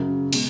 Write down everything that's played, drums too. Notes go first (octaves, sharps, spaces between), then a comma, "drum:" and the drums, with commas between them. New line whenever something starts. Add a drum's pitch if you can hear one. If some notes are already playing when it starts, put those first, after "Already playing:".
Already playing: F#2 C#3 F#3
B2 G#3, drum: cymbal